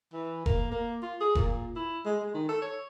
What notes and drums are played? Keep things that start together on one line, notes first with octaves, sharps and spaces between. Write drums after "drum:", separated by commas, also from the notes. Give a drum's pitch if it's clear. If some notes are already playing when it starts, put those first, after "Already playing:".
E3
A#3, drum: kick F1
A#3
F4
G#4
A#2, drum: kick F1
E4
G#3
G#3
D#3
A4
C#5